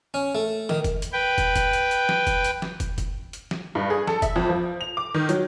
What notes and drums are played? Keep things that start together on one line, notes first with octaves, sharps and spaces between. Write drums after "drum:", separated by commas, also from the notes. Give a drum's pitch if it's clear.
C#4
A3
D#3, drum: snare F3
drum: kick, hi-hat
drum: hi-hat
B4 G5
drum: kick, hi-hat
drum: kick, hi-hat
drum: hi-hat
drum: hi-hat
drum: snare F3
drum: kick, hi-hat
drum: hi-hat
drum: snare F3
drum: kick, hi-hat
drum: kick, hi-hat
drum: hi-hat
drum: snare F3
G2
G#4
A4, drum: snare F3
E5, drum: kick, hi-hat
F2
F3
F7
D6
D#3
F#3, drum: hi-hat